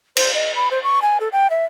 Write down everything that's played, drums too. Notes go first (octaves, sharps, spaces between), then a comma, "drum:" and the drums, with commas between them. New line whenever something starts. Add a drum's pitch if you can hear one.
C5, drum: cymbal
D#5
B5
C5
C#6
G#5
A4
G5
E5